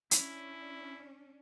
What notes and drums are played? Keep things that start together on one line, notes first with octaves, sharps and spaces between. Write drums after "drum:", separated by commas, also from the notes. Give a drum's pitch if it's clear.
C#4 D4 E4, drum: hi-hat